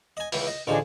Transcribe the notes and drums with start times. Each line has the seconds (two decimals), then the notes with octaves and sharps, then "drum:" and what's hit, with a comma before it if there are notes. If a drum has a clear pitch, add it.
0.17 D#5 G#5
0.32 C#2 E3, drum: open hi-hat
0.47 D#5
0.67 A1 D3 F3 D4 G#4 D#5